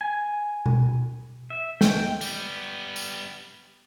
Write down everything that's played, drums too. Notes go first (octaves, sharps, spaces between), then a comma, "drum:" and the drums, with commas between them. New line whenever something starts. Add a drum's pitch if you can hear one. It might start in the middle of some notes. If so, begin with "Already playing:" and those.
G#5
drum: tom B2
E5
G5, drum: snare
G3 B3, drum: tambourine
drum: tambourine